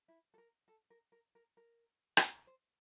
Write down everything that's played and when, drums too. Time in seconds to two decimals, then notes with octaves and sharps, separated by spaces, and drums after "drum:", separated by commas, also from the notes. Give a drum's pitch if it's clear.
0.08 E4
0.34 A4
0.38 A#4
0.68 A4
0.90 A#4
1.12 A#4
1.35 A#4
1.57 A#4
2.17 drum: rim click
2.47 C5